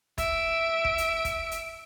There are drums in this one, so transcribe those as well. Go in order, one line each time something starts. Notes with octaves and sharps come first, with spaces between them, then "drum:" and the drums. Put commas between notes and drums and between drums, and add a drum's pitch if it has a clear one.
E5 D7, drum: kick, hi-hat
drum: kick
drum: hi-hat
drum: kick, hi-hat
drum: hi-hat